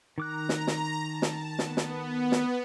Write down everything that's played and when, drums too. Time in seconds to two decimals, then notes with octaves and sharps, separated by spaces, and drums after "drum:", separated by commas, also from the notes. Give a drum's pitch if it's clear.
0.18 D#3 A#5 D6 F#6
0.49 drum: snare
0.67 drum: snare
1.06 A5
1.22 drum: snare
1.59 B3, drum: snare
1.77 drum: snare
2.32 drum: snare